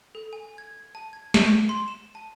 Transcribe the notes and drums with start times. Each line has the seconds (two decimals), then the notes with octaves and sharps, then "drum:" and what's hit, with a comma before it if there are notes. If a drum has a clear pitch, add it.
0.15 A4
0.33 G#5
0.58 G#6
0.95 A5
1.13 G#6
1.34 C#6, drum: snare
1.69 C6
1.88 E7
2.15 A5